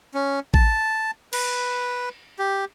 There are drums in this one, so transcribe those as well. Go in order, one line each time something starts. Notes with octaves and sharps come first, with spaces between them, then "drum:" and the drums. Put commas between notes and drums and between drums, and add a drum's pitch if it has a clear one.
C#4
A5, drum: kick A1
B4, drum: cymbal
G4